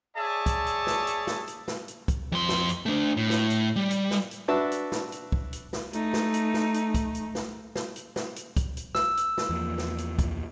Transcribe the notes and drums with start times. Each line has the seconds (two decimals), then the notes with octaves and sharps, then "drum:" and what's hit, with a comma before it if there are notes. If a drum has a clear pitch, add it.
0.17 G#4 C#5 D5 E5 A5
0.46 drum: kick, hi-hat
0.66 drum: hi-hat
0.87 drum: snare
1.07 drum: hi-hat
1.27 drum: snare
1.47 drum: hi-hat
1.68 drum: snare
1.88 drum: hi-hat
2.08 drum: kick, hi-hat
2.32 F2 C6
2.49 drum: snare
2.69 drum: hi-hat
2.86 A3 D4
3.17 A2
3.30 drum: snare
3.50 drum: hi-hat
3.76 G3
3.91 drum: hi-hat
4.11 drum: snare
4.31 drum: hi-hat
4.48 D4 F#4 B4 E5 A5
4.72 drum: hi-hat
4.92 drum: snare
5.12 drum: hi-hat
5.32 drum: kick
5.53 drum: hi-hat
5.73 drum: snare
5.93 A3 D#4, drum: hi-hat
6.13 drum: snare
6.34 drum: hi-hat
6.54 drum: snare
6.74 drum: hi-hat
6.94 drum: kick, hi-hat
7.15 drum: hi-hat
7.35 drum: snare
7.76 drum: snare
7.96 drum: hi-hat
8.16 drum: snare
8.36 drum: hi-hat
8.57 drum: kick, hi-hat
8.77 drum: hi-hat
8.95 E6, drum: snare
9.17 drum: hi-hat
9.38 drum: snare
9.49 E2 F3 A#3
9.78 drum: snare
9.98 drum: hi-hat
10.19 drum: kick, hi-hat